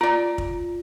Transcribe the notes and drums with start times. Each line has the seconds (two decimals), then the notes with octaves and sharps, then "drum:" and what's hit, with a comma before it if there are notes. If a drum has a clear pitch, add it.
0.01 F4 D5 A#5
0.38 drum: kick